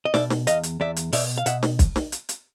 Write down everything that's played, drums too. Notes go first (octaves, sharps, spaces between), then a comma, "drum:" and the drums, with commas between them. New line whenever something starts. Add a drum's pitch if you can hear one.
D#5
B2 D5 E5, drum: snare
drum: snare
E2 D#5 F5, drum: hi-hat
drum: hi-hat
E2 D5 E5
drum: hi-hat
B2 D5 E5, drum: open hi-hat
F5
B2 E5 F#5, drum: hi-hat
drum: snare
drum: kick, hi-hat
drum: snare
drum: hi-hat
drum: hi-hat